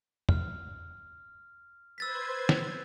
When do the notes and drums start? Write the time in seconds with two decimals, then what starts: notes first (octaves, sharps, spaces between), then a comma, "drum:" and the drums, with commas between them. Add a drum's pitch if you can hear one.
0.29 F6, drum: tom
1.98 B4 C5 E6 G#6 A6 B6
2.49 drum: snare